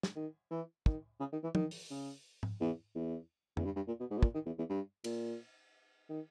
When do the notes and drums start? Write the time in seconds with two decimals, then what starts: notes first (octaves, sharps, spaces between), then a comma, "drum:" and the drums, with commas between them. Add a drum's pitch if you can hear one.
0.03 drum: snare
0.16 D#3
0.51 E3
0.86 D#3, drum: kick
1.20 C#3
1.32 D#3
1.44 E3
1.55 D#3, drum: tom F3
1.71 drum: open hi-hat
1.91 C#3
2.43 drum: tom G#2
2.60 E2
2.96 E2
3.57 E2, drum: tom F2
3.65 G2
3.76 G2
3.87 A#2
4.00 B2
4.11 G#2
4.18 B2
4.23 A#2, drum: kick
4.34 D#3
4.46 E2
4.58 E2
4.70 G2
5.04 A#2, drum: cymbal
6.09 D#3